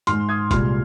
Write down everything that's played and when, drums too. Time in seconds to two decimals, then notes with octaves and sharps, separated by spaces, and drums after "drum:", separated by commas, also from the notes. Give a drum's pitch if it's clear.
0.07 G#2 G#3 C6 F6, drum: hi-hat
0.29 D#6 G#6
0.51 C2 A#2 G#3 C6 F6, drum: kick, hi-hat